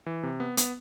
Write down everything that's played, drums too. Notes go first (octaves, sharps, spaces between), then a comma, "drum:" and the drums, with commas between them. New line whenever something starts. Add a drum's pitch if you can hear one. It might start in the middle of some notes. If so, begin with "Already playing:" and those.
E3
C3
B3
B3, drum: hi-hat